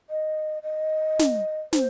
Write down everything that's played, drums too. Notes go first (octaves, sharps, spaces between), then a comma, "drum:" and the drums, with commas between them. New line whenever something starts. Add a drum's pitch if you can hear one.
D#5
D#5
drum: snare
C5, drum: snare